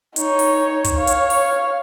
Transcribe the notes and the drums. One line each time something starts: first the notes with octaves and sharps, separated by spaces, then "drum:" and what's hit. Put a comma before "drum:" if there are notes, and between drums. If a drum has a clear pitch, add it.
D#4 C#5, drum: hi-hat
drum: open hi-hat
drum: kick, hi-hat
C#5 F5
drum: hi-hat
drum: open hi-hat